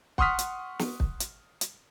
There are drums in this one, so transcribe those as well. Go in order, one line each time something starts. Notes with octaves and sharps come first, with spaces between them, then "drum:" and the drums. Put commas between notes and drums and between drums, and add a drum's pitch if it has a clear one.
F#5 C6 C#6 D#6 F6 B6, drum: kick
drum: hi-hat
drum: snare
drum: kick
drum: hi-hat
drum: hi-hat